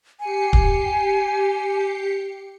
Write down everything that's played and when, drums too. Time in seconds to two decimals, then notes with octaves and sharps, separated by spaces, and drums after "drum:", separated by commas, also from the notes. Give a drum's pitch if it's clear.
0.20 G4 G#5 C7 C#7
0.53 drum: kick D1